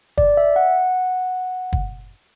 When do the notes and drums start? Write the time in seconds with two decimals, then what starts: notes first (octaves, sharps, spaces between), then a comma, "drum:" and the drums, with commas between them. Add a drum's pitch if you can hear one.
0.18 D5, drum: kick
0.37 E5
0.56 F#5
1.73 drum: kick